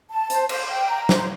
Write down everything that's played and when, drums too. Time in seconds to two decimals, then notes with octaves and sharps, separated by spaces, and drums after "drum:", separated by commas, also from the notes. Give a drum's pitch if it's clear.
0.10 A5
0.30 C5, drum: hi-hat
0.49 C5, drum: cymbal
0.69 G5
0.89 A#5
1.09 C5, drum: snare